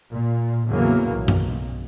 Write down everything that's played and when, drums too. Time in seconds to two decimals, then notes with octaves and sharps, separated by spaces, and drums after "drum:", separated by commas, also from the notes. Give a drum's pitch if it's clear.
0.12 A#2
0.67 E2 A2 C#3 E3 F#3 A#3
1.15 B1
1.28 drum: tom F#2